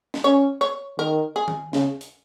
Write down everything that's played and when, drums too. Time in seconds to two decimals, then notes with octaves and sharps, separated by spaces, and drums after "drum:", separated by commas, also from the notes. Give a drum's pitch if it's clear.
0.14 drum: snare
0.24 C#4 C#5
0.61 C#5
0.99 D#3 A#4
1.36 G#4
1.48 drum: tom D#3
1.73 C#3, drum: snare
2.01 drum: hi-hat